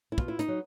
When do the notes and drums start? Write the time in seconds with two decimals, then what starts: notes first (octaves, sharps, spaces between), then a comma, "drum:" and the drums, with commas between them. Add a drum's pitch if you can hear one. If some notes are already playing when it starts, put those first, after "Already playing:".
0.12 E4
0.18 B2 F4, drum: kick
0.28 E4
0.39 D#4, drum: hi-hat
0.48 F#3